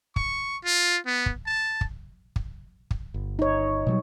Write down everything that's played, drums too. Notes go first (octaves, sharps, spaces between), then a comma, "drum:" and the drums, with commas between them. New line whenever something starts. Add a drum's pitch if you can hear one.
C#6, drum: kick
F4
B3
drum: kick
A5
drum: kick
drum: kick
drum: kick
G1
D#4 C#5
B2 F#3 G3